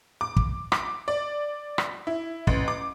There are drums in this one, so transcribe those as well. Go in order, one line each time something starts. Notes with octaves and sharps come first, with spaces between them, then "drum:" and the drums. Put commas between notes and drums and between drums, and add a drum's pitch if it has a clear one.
D6
drum: kick
D6, drum: rim click
D5
drum: rim click
E4
A1, drum: kick
D6